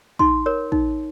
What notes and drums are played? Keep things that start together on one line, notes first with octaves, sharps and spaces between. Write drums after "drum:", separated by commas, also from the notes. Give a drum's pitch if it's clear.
D#4 C6, drum: kick
A#4 C#5
D#4, drum: kick